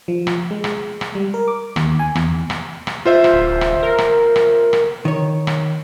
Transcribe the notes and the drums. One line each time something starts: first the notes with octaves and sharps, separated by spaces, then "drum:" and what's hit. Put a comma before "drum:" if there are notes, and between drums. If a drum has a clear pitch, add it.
F3
drum: rim click
G#3
drum: rim click
drum: rim click
G3
A#4
D6
D#2, drum: rim click
G#5
E2, drum: rim click
drum: rim click
drum: rim click
F4 C5 E5
drum: rim click
D1
drum: rim click
A#4
drum: rim click
drum: rim click
drum: rim click
D#3 C#5
drum: rim click